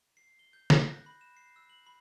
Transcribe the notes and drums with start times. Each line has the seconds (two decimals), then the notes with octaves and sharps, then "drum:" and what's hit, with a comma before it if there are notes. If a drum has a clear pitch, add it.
0.17 C7
0.39 G7
0.53 G6
0.70 F#6, drum: snare
0.86 A#6
1.06 B5
1.21 E7
1.37 C7
1.56 E6
1.70 F#7
1.87 B5